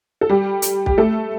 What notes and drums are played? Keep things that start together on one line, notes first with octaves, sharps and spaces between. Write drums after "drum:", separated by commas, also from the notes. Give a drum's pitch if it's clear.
A4
G3 G4
drum: hi-hat
G4, drum: kick B1
A3 A4